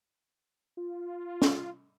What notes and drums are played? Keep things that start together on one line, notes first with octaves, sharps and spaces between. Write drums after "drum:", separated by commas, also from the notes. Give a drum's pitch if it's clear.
F4
drum: snare